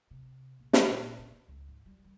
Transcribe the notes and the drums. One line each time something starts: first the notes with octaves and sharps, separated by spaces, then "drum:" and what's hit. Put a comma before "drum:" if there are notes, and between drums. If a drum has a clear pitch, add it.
C3
A#1
D2, drum: snare
A#2
D3
C#2
G#2
G3
D#3